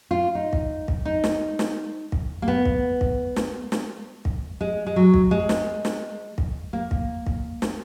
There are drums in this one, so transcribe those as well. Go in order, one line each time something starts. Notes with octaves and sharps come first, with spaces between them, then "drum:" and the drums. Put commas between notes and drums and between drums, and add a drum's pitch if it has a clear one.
F4
D#4
drum: kick
drum: kick
D#4
drum: snare
drum: snare
drum: kick
A#3
B3
drum: kick
drum: kick
drum: snare
drum: snare
drum: kick
G#3
G#3
F#3
drum: kick
G#3
drum: snare
drum: snare
drum: kick
A#3
drum: kick
drum: kick
drum: snare